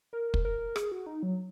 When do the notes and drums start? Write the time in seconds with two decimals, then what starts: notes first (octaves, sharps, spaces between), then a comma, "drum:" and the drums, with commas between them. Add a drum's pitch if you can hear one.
0.13 A#4
0.34 drum: kick
0.45 A#4
0.76 G#4, drum: rim click
0.92 F#4
1.06 D#4
1.23 F#3